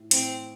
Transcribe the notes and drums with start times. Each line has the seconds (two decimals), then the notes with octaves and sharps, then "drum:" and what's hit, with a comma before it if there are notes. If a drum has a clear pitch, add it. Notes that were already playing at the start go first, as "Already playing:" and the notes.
Already playing: A2
0.11 A2 C4, drum: hi-hat